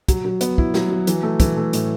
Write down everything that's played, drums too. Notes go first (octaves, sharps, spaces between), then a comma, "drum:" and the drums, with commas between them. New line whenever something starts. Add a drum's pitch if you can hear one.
F#3, drum: kick, hi-hat
F#3
B3, drum: hi-hat
E4, drum: kick
F#3, drum: snare
F#3
E3, drum: hi-hat
A3
E3, drum: kick, hi-hat
A3
A2, drum: hi-hat